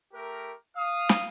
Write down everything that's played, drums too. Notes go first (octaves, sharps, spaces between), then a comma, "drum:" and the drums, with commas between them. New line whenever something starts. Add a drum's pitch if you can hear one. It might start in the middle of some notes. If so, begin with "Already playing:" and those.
A3 G4 A#4
F5 D#6
drum: snare